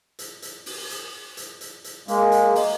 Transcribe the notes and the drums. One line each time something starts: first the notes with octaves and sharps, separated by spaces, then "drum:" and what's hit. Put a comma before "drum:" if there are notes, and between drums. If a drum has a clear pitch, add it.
drum: hi-hat
drum: hi-hat
drum: open hi-hat
drum: hi-hat
drum: hi-hat
drum: hi-hat
drum: hi-hat
G#3 A#3, drum: hi-hat
drum: hi-hat
drum: open hi-hat